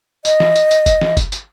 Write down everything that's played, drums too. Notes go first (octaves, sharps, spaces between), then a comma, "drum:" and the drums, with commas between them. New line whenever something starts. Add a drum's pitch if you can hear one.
D#5, drum: tambourine
drum: snare
drum: tambourine
drum: tambourine
drum: kick, tambourine
drum: snare
drum: kick, tambourine
drum: tambourine